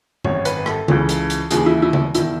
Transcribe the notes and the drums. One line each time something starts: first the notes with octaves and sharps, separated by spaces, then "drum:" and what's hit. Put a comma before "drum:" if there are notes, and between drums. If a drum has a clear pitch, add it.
G#1 F#2 D#3 C#5, drum: tom G#2
B4, drum: hi-hat
A4, drum: rim click
C#2 C#3 E3, drum: tom C#3
drum: hi-hat
drum: hi-hat
D#2 C#3 E3 G#4, drum: hi-hat
E4
E4
drum: tom C#3
E1 D#3 E4, drum: hi-hat